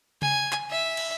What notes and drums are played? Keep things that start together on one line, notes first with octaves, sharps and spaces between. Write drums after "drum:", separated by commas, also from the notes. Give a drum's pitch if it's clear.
G#5, drum: tom C#3
drum: clap
E5
drum: cymbal